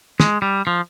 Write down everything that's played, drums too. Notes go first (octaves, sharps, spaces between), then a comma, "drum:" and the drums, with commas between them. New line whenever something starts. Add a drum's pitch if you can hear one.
G#3, drum: snare
G3
F3